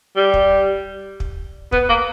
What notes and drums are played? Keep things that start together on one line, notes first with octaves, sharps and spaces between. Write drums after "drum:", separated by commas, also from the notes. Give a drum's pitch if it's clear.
G3
drum: kick
drum: kick
B3, drum: kick
A#3